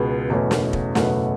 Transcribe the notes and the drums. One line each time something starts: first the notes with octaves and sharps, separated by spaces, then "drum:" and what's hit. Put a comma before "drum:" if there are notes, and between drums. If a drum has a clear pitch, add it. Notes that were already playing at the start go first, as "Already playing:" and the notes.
Already playing: C#2 B2 G#3 B3
F#1 E2 B2 A3 C#4
drum: snare
drum: kick
F#1 E2 B2 A3 C#4 F#5, drum: snare